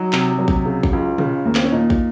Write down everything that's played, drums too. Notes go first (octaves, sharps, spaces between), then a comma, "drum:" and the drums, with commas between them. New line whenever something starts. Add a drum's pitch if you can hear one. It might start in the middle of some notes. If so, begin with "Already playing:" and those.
Already playing: F#3 D#4
C3, drum: clap
F#3
drum: kick
C#3
drum: kick
C#2
C#3, drum: tom
D#2 A#3
C4, drum: clap
C#4
A#2 D#4
drum: kick